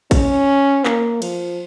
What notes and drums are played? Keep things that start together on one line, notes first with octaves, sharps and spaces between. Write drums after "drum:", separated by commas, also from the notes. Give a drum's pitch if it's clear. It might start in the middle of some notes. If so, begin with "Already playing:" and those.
C#4, drum: kick, cymbal
A#3, drum: clap
F3, drum: cymbal